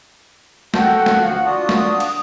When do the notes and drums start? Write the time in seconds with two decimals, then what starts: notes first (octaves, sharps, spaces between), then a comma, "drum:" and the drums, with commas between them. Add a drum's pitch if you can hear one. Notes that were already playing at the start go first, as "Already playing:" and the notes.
0.74 F#4 A4 G5, drum: snare
1.06 drum: snare
1.22 D2 F3 F5
1.45 D4 F4 F#4 D#6
1.69 drum: snare
2.00 drum: cymbal